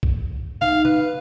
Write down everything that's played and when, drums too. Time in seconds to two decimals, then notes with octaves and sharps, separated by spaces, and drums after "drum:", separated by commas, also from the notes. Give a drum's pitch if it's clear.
0.03 drum: kick B1
0.62 D#4 F5, drum: tom C3
0.85 B4, drum: tom C3